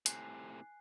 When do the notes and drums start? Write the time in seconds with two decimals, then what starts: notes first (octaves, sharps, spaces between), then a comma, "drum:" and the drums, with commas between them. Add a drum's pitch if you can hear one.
0.06 A2 C3 G#5 F#6 C7, drum: hi-hat